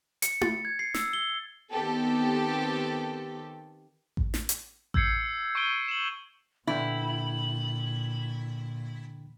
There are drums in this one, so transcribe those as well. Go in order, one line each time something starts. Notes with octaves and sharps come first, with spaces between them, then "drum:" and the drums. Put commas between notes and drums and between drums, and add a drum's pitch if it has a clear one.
C#7, drum: hi-hat
A6, drum: tom E4
G#6
C7
E6, drum: snare
G7
D#3 B3 C4 G4 A4
drum: kick A1
drum: snare
drum: hi-hat
E6 G6 G#6 C7 C#7, drum: kick A1
C#6 G6 D7 D#7 G7
E7 F#7
A#2 D3 E3 E4 G5 F#7